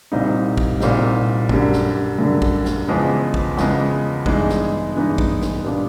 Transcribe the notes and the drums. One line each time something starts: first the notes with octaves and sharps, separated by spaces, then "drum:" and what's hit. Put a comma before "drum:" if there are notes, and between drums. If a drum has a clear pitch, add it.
C2 A#2 G3 C4 D#4
drum: kick
C2 A#2 G3 C4 D#4, drum: snare
F#2 D3 G3, drum: kick
drum: snare
F#2 D3 G3
drum: kick
drum: snare
E2 C#3 F3 G#3 B3
drum: kick
E2 C#3 F3 G#3 B3, drum: snare
G2 E3 G#3 B3 D#4, drum: kick
drum: snare
G2 E3 G#3 B3 D#4
drum: kick
drum: snare
A#2 G3 B3 D4